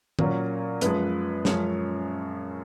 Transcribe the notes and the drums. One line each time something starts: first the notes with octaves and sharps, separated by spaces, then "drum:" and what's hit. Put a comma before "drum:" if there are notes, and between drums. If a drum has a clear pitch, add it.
A#2 F#3 A#3 C#4, drum: tom D#3
F#2 F3 G#3 B4, drum: hi-hat
F#2 F3 G#3 C#4 C#5, drum: snare